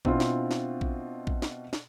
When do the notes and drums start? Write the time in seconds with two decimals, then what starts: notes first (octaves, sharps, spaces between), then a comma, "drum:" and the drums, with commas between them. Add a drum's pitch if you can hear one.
0.05 B2 C4 D4 E4 F4, drum: kick A#1
0.20 drum: snare
0.51 drum: snare
0.81 drum: kick A#1
1.27 drum: kick A#1
1.42 drum: snare
1.73 drum: snare